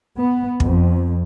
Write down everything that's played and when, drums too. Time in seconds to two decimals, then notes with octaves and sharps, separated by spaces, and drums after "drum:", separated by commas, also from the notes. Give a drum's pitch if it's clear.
0.16 B3
0.60 F2, drum: kick